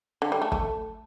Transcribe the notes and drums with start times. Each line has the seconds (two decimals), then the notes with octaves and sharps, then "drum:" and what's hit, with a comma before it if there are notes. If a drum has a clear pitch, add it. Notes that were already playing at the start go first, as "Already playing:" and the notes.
0.22 D3
0.32 G3
0.42 A3
0.52 A3, drum: kick